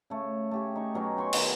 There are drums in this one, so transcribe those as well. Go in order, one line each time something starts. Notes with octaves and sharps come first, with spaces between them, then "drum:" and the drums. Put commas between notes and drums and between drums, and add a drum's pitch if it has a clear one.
C#3 A3
A3 G4 G#4
D#4 C#6
B2 F#3 A3 C#4
G5 G#5 C6 C#6
B2 D#3 F#3, drum: cymbal